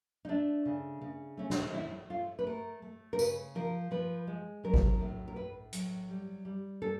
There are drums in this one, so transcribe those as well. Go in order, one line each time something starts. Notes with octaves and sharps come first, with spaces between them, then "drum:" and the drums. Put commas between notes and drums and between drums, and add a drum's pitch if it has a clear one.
D#4
A3 D4
C#3
C#3
A3 C#4
D4, drum: snare
D#4
A3 E4
A3 F4
B4
A3 A#4
A3
A#4
C#3 B4, drum: tambourine
F3 A#4
F3 B4
G#3
F#3 A#4
A4, drum: kick G#1
A#4
A2
A#4
A2 B4
F#3, drum: hi-hat
G3
G3
G3 A4